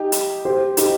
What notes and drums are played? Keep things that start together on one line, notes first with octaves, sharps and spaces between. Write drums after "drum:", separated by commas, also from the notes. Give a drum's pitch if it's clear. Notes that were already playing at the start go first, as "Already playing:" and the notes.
Already playing: D#4 G4
drum: hi-hat
G4 C5
D#4 G4, drum: hi-hat